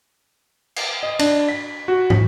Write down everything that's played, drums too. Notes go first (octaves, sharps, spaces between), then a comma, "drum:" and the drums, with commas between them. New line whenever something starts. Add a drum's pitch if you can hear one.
drum: cymbal
D#5
D4, drum: cymbal
B6
F#4
B6, drum: tom